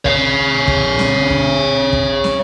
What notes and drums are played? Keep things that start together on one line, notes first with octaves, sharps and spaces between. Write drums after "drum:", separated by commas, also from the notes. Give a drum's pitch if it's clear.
C#5 F5, drum: kick
drum: kick
drum: snare
drum: kick
drum: kick
drum: snare